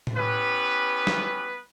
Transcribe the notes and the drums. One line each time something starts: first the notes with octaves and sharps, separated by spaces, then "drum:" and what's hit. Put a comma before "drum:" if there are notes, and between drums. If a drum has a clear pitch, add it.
drum: tom A2
B3 C#4 E4 G4 B4
drum: snare